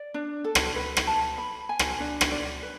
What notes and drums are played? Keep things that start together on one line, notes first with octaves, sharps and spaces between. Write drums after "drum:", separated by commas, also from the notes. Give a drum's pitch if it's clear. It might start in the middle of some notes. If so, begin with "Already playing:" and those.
Already playing: D5
D4
A4
drum: rim click
B4
drum: rim click
A5
B5
G#5
drum: rim click
D4
drum: rim click
D5
B4